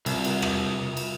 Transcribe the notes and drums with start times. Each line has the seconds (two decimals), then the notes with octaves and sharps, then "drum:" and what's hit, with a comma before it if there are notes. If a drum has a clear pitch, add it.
0.06 C2, drum: cymbal
0.24 drum: cymbal
0.42 drum: rim click
0.97 drum: cymbal